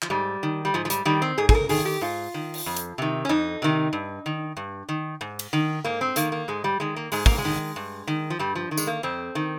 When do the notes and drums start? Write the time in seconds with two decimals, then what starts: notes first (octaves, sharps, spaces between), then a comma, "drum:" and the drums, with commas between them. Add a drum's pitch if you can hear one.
0.02 F3, drum: clap
0.10 G#2 G3
0.43 D#3
0.65 G3
0.74 G#2 F3
0.85 F3
0.90 G3, drum: hi-hat
1.05 D#3 G3
1.22 C4
1.38 G#2 G#4
1.49 G#4, drum: kick
1.55 A#4
1.69 D#3 G#4, drum: open hi-hat
1.85 G4
2.01 G#2 F4
2.34 D#3
2.54 drum: open hi-hat
2.66 F2
2.77 drum: hi-hat
2.98 C3 D#3
3.25 C#4
3.29 F2 D#4
3.62 C3 D#3
3.93 G2
4.26 D#3
4.57 G2
4.89 D#3
5.21 G#2
5.39 drum: cymbal
5.53 D#3
5.84 G#2 A#3
6.01 C4
6.16 D#3 A#3, drum: hi-hat
6.32 A#3
6.48 G#2 G#3
6.64 G3
6.80 D#3 G#3
6.96 A#3
7.12 G#2 G#3, drum: open hi-hat
7.26 A#3, drum: kick
7.38 G#3
7.45 D#3
7.76 G2
8.07 D#3
8.30 F3
8.39 G2 G3
8.55 F3
8.71 D#3
8.77 G#3, drum: tambourine
8.87 A#3
9.03 F2 C4
9.35 D#3